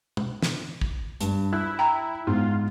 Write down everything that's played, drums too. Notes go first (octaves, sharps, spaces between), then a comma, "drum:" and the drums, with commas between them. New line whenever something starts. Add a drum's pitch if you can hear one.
drum: tom
drum: snare
drum: kick
G2, drum: hi-hat
E4 F#6
G5 A#5
G#2 B3 F4